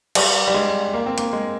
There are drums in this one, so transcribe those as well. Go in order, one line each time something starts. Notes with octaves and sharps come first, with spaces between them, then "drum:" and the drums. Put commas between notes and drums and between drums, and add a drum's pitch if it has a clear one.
G3, drum: cymbal
G3
G#3
A#3
C4
A#3, drum: hi-hat
G#3